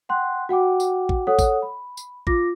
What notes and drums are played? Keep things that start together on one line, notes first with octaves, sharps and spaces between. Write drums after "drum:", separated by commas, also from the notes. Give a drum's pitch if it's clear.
F#5 G5 C6 F#6
F#4 F#5 G5 D6
drum: tambourine
drum: kick A1
A4 C#5 F#5 D#6
drum: kick A1, tambourine
B5
drum: tambourine
F4 D6 A#6, drum: kick A1